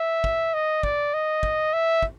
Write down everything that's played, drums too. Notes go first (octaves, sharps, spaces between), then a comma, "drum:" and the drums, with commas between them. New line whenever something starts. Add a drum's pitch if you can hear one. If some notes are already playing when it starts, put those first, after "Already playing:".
Already playing: E5
drum: kick
D#5
D5, drum: kick
D#5
drum: kick
E5
drum: kick